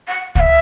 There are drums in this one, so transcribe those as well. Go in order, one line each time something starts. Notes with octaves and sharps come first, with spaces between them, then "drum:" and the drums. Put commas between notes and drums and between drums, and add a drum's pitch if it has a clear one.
F#5
F#5, drum: kick
E5